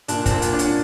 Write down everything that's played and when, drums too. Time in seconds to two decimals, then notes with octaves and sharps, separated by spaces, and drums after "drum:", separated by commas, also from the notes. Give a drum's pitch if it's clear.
0.08 A#2 D4, drum: hi-hat
0.26 C4, drum: kick, hi-hat
0.31 A#2
0.42 B3, drum: hi-hat
0.53 D4
0.59 C#4, drum: hi-hat